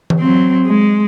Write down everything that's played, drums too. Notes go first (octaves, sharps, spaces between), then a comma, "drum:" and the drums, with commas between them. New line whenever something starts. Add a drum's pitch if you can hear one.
drum: tom E3
F#3 C4
G#3